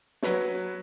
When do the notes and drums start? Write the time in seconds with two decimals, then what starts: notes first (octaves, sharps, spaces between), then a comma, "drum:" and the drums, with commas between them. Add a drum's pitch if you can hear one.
0.23 F#3 B4 C#5, drum: snare